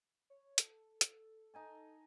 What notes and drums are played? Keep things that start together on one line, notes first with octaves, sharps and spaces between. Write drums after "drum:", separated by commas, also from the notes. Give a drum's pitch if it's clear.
C#5
A4, drum: hi-hat
drum: hi-hat
D#4 G#5 A5